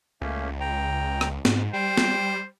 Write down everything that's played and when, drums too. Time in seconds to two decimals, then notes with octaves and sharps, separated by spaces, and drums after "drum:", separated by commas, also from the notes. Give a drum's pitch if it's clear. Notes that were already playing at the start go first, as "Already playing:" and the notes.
0.22 C#2 A3 A#3 C#4
0.60 G5 A#5
1.21 drum: rim click
1.45 G#2, drum: snare
1.73 G3 C5 G5
1.97 drum: snare